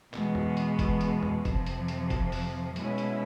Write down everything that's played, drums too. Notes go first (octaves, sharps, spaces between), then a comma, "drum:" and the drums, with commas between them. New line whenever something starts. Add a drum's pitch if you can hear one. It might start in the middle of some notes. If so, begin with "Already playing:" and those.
E2 B2 G#3 B3, drum: clap
drum: tom E2
drum: hi-hat
drum: kick, hi-hat
drum: hi-hat
drum: tom E2
F2 C3 F3, drum: kick, hi-hat
drum: hi-hat
drum: hi-hat
drum: kick, hi-hat
drum: open hi-hat
B2 G#3 C#4 E4, drum: hi-hat
drum: hi-hat